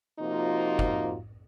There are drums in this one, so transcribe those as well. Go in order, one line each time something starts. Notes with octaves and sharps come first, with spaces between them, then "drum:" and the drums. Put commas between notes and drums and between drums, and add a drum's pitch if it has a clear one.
C3 F3 A#3 D#4 F4 F#4
drum: kick